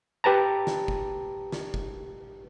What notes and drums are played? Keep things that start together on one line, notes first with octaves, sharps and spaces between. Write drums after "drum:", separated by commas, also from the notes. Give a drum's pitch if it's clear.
G4 B4 A5 A#5
drum: snare
drum: kick
drum: snare
drum: kick